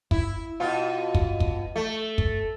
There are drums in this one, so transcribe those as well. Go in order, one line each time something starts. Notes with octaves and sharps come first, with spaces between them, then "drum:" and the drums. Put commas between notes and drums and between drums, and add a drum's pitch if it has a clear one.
E4, drum: kick
B2 F4
drum: kick
drum: kick
A3
drum: kick